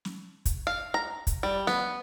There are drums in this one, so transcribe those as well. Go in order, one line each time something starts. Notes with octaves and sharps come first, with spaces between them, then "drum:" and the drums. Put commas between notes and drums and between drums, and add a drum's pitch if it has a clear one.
drum: snare
drum: kick, hi-hat
F5
A#5
drum: kick, hi-hat
G3
B3, drum: snare